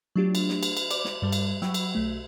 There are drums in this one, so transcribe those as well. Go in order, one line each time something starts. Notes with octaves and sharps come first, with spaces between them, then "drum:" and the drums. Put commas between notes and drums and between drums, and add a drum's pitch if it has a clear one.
F#3 A3 D4 F4 G4
drum: cymbal
drum: snare
drum: cymbal
drum: cymbal
C5 D5 D6, drum: cymbal
drum: snare
G2 G3 A#4
drum: cymbal
F#3 F#5 G5 B5 C#6 E6, drum: snare
drum: cymbal
B1 A3